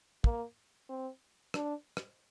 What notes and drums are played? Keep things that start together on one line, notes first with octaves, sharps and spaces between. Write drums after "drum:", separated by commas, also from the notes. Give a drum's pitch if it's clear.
A#3, drum: kick
C4
D4, drum: rim click
drum: rim click